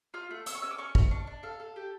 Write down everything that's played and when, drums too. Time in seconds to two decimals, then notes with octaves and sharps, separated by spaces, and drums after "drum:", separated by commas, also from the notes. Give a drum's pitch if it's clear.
0.14 F4 F6
0.31 A3
0.46 C#4 E6, drum: hi-hat
0.55 C#6
0.62 C#4 E6
0.71 D6
0.78 C#4 C#6
0.95 C#4, drum: kick
1.11 D4 C#6
1.27 D4
1.43 A4 F5
1.60 A4
1.76 G4